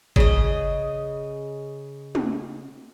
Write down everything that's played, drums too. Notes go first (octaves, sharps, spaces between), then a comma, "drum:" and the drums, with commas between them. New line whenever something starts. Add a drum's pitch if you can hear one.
C#3 D#5, drum: kick G1
drum: tom